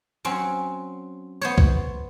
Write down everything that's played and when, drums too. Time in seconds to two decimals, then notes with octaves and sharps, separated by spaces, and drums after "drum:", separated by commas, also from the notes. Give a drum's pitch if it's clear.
0.25 F#3 C4 C#4
1.41 B3 C5 C#5
1.58 drum: kick